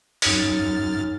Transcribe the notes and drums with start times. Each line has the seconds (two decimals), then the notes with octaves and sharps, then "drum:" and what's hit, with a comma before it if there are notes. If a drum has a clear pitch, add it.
0.22 F#2 D#4 C#5 F6 A6, drum: open hi-hat